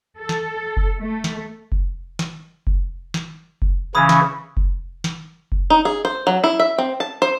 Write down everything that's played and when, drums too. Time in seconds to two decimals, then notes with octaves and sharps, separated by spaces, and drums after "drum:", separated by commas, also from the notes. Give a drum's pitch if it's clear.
0.18 A4
0.29 drum: snare
0.77 drum: kick F1
0.99 A3
1.24 drum: snare
1.72 drum: kick F1
2.19 drum: snare
2.67 drum: kick F1
3.14 drum: snare
3.62 drum: kick F1
3.95 C#3 E3 C#4 B5 D#6
4.09 drum: snare
4.57 drum: kick F1
5.04 drum: snare
5.52 drum: kick F1
5.70 D#4
5.85 G#4
6.05 C5
6.27 F#3
6.44 E4
6.60 E5
6.78 C4
7.00 A5
7.22 C5